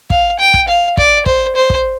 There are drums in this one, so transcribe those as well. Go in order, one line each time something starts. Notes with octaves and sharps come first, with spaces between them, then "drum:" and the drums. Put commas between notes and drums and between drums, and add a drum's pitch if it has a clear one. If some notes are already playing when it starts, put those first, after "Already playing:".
F5, drum: kick
G5
drum: kick
F5
D5, drum: kick
C5, drum: kick
C5
drum: kick